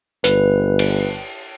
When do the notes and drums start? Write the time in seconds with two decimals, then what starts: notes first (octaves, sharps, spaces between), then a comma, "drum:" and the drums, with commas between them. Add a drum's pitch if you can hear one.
0.24 G1 B4, drum: hi-hat
0.79 drum: cymbal